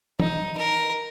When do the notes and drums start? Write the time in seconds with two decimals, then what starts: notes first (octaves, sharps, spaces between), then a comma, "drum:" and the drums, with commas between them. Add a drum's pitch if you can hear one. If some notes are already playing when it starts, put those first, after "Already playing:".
0.20 D#4, drum: tom
0.57 A#4